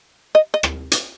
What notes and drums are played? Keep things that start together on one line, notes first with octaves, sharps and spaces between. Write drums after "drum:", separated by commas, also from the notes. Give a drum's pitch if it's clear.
D#5
D#5
drum: rim click
drum: hi-hat